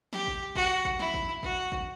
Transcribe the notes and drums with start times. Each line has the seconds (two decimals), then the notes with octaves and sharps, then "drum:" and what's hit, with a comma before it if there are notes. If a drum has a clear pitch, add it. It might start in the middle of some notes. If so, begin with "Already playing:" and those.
0.13 G4, drum: snare
0.27 drum: kick G#1
0.55 F#4, drum: kick G#1
0.85 drum: kick G#1
0.99 E4, drum: snare
1.14 drum: kick G#1
1.43 F#4, drum: kick G#1
1.72 drum: kick G#1